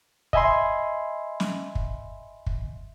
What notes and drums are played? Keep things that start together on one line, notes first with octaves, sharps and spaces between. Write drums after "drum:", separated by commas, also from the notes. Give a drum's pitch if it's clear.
D#5 E5 G#5 B5 C6, drum: kick
drum: snare
drum: kick
drum: kick